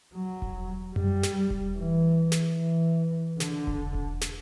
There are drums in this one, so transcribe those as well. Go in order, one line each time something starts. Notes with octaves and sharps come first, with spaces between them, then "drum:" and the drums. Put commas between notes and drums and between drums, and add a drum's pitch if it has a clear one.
F#3
drum: kick E1
G3, drum: tom F#2
drum: snare
drum: kick E1
E3
drum: snare
E3
D3, drum: snare
drum: kick E1
drum: kick E1
drum: snare